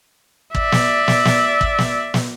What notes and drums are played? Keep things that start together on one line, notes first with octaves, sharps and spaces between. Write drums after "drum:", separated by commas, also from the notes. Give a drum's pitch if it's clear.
D5 E5, drum: kick
drum: snare
drum: snare
drum: snare
drum: kick
drum: snare
drum: snare